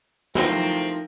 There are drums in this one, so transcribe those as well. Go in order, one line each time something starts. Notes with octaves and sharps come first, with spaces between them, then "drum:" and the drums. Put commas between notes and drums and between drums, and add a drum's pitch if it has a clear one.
C3 F3 A3 C4 D#4 E4 A#4, drum: snare